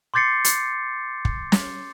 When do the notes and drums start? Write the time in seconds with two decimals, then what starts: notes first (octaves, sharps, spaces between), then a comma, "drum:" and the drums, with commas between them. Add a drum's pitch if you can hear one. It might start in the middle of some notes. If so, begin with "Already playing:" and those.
0.14 C6 D6 G6 A6 C7 C#7
0.44 drum: hi-hat
1.25 drum: kick
1.52 drum: snare